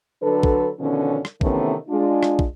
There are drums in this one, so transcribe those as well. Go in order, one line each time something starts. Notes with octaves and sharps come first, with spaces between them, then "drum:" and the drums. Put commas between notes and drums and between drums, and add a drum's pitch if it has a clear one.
D3 F#3 D4 A4 B4
drum: kick
B2 D3 D#3 F3 C#4
drum: rim click
C3 D#3 E3 A3 B3 C#4, drum: kick
G#3 D4 F4
drum: rim click
drum: kick